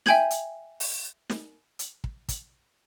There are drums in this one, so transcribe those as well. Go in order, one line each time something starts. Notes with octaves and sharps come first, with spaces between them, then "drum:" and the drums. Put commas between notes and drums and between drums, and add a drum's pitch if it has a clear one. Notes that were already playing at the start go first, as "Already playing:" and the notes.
E5 G5 G#5 G6 G#6 F#7, drum: snare
drum: hi-hat
drum: open hi-hat
drum: snare
drum: hi-hat
drum: kick
drum: kick, hi-hat